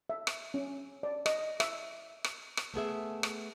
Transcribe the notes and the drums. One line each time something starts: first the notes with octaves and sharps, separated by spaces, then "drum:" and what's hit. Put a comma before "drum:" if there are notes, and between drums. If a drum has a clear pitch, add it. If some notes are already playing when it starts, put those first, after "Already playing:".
E5
drum: rim click
C#4
D5
D#5, drum: rim click
E5, drum: rim click
drum: rim click
drum: rim click
A3 B3 G#4 E5
drum: rim click